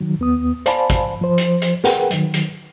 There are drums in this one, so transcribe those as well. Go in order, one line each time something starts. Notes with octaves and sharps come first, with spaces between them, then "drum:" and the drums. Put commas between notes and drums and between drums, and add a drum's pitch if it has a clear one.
D#3 F#3
D#2 B3 D#6
C5 D5 F5 G#5 A5 B5, drum: hi-hat
drum: kick, hi-hat
F3 C5
drum: hi-hat
drum: hi-hat
G#4 A#4 B4 F#5 G5, drum: snare
D#3 F#3, drum: hi-hat
drum: hi-hat